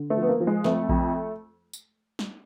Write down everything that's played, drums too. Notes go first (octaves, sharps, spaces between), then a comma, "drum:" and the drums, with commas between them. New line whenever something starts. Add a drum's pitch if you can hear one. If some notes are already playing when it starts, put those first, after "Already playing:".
Already playing: D3
A3
F3 B3
A#3
F3
G#3
F2 A3, drum: snare
F2, drum: kick A#1
drum: tambourine
drum: snare